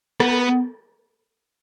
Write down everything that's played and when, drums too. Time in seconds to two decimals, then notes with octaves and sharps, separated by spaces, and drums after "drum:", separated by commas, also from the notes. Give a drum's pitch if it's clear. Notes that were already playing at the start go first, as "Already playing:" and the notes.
0.20 B3, drum: rim click